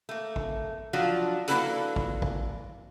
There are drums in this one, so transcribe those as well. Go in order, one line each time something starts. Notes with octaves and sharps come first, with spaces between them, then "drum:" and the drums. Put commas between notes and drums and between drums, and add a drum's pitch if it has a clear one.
A3 A#3
drum: kick
F3 F#3 D4 F4 F#4
A#3 D4 E4 F#4 A4 B4, drum: hi-hat
drum: kick
drum: kick